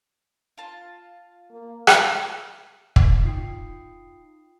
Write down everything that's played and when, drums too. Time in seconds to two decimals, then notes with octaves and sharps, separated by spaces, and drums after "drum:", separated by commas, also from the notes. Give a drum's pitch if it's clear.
0.58 F4 A5
1.51 A#3
1.87 drum: rim click
2.96 drum: kick
3.25 D#4 F4 G5 D#6 C7